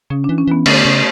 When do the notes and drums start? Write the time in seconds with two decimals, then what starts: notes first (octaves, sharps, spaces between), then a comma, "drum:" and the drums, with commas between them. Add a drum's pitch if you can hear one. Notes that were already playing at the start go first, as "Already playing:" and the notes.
0.10 C#3 C#4
0.24 D4
0.29 E3
0.38 C#4
0.47 E3 B3
0.66 D3 A3, drum: cymbal
0.85 C#3